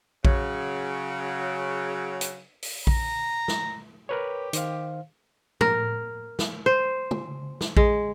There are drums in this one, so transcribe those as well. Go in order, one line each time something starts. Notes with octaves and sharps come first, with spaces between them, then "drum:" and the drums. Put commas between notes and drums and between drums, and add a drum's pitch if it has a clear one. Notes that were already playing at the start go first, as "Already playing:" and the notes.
C#3 F#3, drum: kick A#1
drum: hi-hat
drum: open hi-hat
A#5, drum: kick A#1
drum: snare
G4 A#4 B4 C#5
D#3 C5 F5, drum: hi-hat
A#4, drum: tom A2
drum: snare
C5
drum: tom
drum: snare
G#3, drum: kick A#1